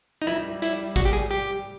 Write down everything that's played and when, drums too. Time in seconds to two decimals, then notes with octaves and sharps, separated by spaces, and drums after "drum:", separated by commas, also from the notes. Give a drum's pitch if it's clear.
0.22 D#4
0.27 G3 E4, drum: rim click
0.62 E4, drum: hi-hat
0.96 F#4, drum: kick, hi-hat
1.05 G4
1.13 G#4
1.31 G4